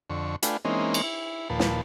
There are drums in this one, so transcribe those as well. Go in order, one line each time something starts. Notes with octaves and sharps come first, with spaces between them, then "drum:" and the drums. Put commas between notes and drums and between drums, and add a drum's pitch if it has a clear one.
F2 D3 C#6
A3 D4 F4 B4 G5 G#5, drum: hi-hat
E3 G#3 A#3 C4 C#4 D#4
drum: cymbal
E4
D#2 A#2 F3 B4 A5
drum: snare